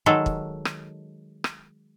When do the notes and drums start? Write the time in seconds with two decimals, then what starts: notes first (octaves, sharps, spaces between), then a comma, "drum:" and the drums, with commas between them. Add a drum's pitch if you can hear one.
0.06 D#3 F#3 G#3 A4
0.26 drum: kick
0.65 drum: rim click
1.44 drum: rim click